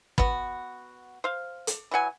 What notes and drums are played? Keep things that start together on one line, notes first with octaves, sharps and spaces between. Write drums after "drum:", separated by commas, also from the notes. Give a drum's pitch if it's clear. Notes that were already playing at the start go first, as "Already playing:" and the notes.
B3 F#4, drum: kick
C5 F5
drum: hi-hat
E3 F#3 F#5 G#5